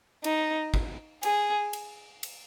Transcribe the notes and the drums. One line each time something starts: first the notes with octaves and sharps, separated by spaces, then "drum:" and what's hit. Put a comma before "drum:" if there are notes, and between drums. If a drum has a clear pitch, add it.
D#4, drum: cymbal
drum: kick
G#4, drum: cymbal
drum: cymbal
drum: cymbal